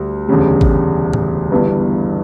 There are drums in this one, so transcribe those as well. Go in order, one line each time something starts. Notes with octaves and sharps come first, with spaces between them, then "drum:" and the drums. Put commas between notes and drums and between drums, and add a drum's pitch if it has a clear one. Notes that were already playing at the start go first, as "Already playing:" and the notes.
Already playing: D2 G3
E1 D2 C#3 G3
drum: kick G#1
drum: tom A2
G1 G2 E3 B3